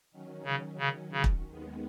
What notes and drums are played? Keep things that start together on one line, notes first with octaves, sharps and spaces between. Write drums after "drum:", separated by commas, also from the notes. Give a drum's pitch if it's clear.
D#3 F#3 C#4
C#3
C#3
C#3
drum: kick
D#2 D#3 G#3 B3